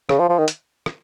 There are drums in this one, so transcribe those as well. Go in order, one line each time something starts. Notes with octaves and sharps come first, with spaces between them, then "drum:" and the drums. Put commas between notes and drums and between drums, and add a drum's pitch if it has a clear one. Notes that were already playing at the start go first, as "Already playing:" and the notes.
C#3, drum: rim click
F3
F3
D#3
drum: hi-hat
drum: rim click